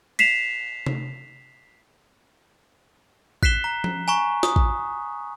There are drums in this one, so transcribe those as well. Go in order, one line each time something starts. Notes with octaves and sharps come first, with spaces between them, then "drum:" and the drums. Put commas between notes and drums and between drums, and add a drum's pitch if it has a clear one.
B6 C7 E7 F7, drum: cymbal
drum: tom C3
F#6 B6 C7 E7 G7, drum: kick A1
A#5
drum: tom F3
G#5 A#5 C#6
D#6, drum: snare
drum: kick A1